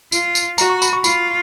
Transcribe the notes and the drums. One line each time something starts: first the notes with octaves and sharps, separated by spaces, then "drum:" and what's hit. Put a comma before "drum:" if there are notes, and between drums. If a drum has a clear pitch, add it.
F4, drum: tambourine
drum: tambourine
F#4 A#5, drum: tambourine
C#6
B5, drum: tambourine
C#6
F4 B5, drum: tambourine